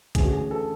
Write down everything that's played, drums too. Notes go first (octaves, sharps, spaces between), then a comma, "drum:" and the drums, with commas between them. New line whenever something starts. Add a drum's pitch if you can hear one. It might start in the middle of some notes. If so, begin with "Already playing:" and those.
D2 C#3 E3 A3 C#4 G#4, drum: kick A1, hi-hat
F#4
G#4
A4